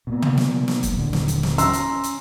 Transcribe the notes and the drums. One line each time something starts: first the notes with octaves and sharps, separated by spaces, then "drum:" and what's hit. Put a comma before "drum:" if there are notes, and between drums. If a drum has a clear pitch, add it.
B2 A#3
drum: tom
drum: snare
drum: snare
drum: kick, hi-hat
D#1 D3
drum: snare
drum: hi-hat
drum: snare
C#4 A#5 C6 E6, drum: hi-hat
drum: hi-hat
drum: hi-hat